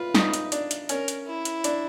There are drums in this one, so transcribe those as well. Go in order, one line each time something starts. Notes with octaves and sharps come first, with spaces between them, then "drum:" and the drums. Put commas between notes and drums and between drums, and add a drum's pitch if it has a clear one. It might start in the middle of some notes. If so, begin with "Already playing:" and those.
Already playing: F4 B4
D#4, drum: snare
drum: hi-hat
D4, drum: hi-hat
drum: hi-hat
C#4 A#4, drum: hi-hat
drum: hi-hat
E4
drum: hi-hat
D4, drum: hi-hat